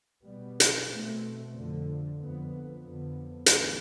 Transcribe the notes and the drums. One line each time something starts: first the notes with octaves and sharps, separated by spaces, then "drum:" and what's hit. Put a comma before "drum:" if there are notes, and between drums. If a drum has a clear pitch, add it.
B2 G3 B3
drum: hi-hat
B2 A3 C4
F2 D3 F3
F2 D3 F3 B3
F2 D3 F3 B3
A2 E3 B3, drum: hi-hat